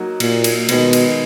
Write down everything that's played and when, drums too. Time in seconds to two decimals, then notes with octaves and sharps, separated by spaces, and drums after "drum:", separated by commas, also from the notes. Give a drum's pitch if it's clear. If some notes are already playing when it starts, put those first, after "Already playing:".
Already playing: F#3 A#3 D#4 F#4
0.20 A#2, drum: cymbal
0.44 drum: cymbal
0.69 B2 D#3 G#3 B3, drum: cymbal
0.93 drum: cymbal